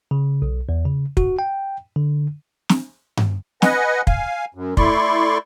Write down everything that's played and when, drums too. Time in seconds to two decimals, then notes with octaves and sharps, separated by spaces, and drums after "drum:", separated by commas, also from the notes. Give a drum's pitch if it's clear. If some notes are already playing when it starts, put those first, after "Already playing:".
0.11 C#3
0.42 B1
0.69 E2
0.85 C#3
1.17 F#4, drum: kick
1.39 G5
1.96 D3
2.69 drum: snare
3.17 drum: tom G2
3.62 B4 D#5 F#5 G#5, drum: snare
4.07 F5 G#5, drum: kick
4.55 F#2
4.77 A3 E4 D5 C6 C#6, drum: kick